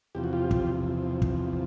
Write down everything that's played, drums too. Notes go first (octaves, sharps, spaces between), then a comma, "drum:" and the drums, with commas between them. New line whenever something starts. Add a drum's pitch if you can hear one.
E2 C3 F3 G4
F#4
F4 G4
drum: kick
drum: kick